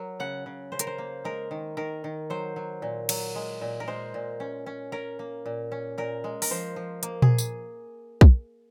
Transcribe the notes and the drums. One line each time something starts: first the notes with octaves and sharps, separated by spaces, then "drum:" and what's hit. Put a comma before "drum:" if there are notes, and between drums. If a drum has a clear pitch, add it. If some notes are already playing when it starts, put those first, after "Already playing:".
Already playing: F#3 A#4
C#3 F#5
C#3
C#3 C5
A#4, drum: hi-hat
C5
A#3
G#3 A#4
D#3
D#3 A#4
D#3
F#3 C5
F#3
A#2
F#3, drum: cymbal
G#3
A#2
A#4
G#3 C5
A#2
C#4
C#4
C#4 A#4
A#3
A#2
C#4
A#2 A#4
G#3
A#4, drum: open hi-hat
F3 C5
F3
A#3, drum: hi-hat
G#4, drum: tom A#2
drum: tambourine
drum: kick